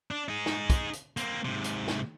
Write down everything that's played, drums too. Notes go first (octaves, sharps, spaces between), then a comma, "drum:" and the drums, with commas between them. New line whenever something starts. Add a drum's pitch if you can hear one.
D4
D#4 G#4
drum: snare
drum: kick, hi-hat
drum: hi-hat
A#3 C4, drum: hi-hat
G#2 C3
drum: hi-hat
drum: snare